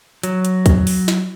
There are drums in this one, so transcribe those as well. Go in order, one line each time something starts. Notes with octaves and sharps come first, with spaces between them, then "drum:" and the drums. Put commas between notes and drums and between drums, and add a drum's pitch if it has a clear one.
F#3, drum: hi-hat
drum: hi-hat
drum: kick, hi-hat
drum: open hi-hat
drum: snare